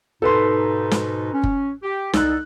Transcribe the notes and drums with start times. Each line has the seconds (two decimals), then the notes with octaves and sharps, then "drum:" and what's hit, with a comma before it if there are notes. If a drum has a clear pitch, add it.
0.22 G#2 B2 D#4 A4 B4 C6
0.91 drum: snare
1.33 C#4
1.44 drum: kick
1.83 G4
2.13 C2 D#4 A4 F#6, drum: snare